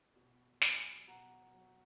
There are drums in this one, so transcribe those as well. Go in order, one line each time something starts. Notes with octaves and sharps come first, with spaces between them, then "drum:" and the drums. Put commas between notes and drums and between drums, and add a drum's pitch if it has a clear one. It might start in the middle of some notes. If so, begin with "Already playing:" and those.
B2
F#3 G#5 B5, drum: snare
B2 F#5 A#5
F#3